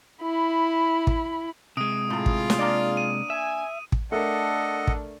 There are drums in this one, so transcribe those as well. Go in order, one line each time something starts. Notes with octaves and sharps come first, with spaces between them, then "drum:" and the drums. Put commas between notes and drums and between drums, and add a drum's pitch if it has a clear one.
E4 B5
drum: kick
C3 G#3 D#6 D7
A2 F4 G#4 A#5
drum: kick
drum: snare
A#3 D4 D5
D#7
E5 G#5
drum: kick
A3 D4 A4 A#4 D#5 F#5
drum: kick